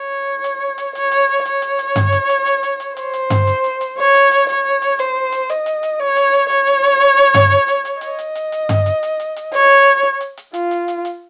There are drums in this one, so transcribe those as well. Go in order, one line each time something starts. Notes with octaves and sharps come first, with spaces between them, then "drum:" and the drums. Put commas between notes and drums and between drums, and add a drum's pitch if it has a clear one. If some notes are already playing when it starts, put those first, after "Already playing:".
Already playing: C#5
drum: hi-hat
drum: hi-hat
C#5, drum: hi-hat
drum: hi-hat
C#5, drum: hi-hat
drum: hi-hat
drum: hi-hat
drum: tom G2
drum: hi-hat
drum: hi-hat
drum: hi-hat
drum: hi-hat
drum: hi-hat
C5, drum: hi-hat
drum: hi-hat
drum: tom G2
drum: hi-hat
drum: hi-hat
drum: hi-hat
C#5
drum: hi-hat
drum: hi-hat
C#5, drum: hi-hat
drum: hi-hat
C5, drum: hi-hat
drum: hi-hat
D#5, drum: hi-hat
drum: hi-hat
drum: hi-hat
C#5
drum: hi-hat
drum: hi-hat
C#5, drum: hi-hat
drum: hi-hat
drum: hi-hat
drum: hi-hat
drum: hi-hat
drum: tom G2
drum: hi-hat
drum: hi-hat
drum: hi-hat
D#5, drum: hi-hat
drum: hi-hat
drum: hi-hat
drum: hi-hat
drum: tom G2
drum: hi-hat
drum: hi-hat
drum: hi-hat
drum: hi-hat
C#5, drum: hi-hat
drum: hi-hat
drum: hi-hat
drum: hi-hat
drum: hi-hat
F4, drum: hi-hat
drum: hi-hat
drum: hi-hat
drum: hi-hat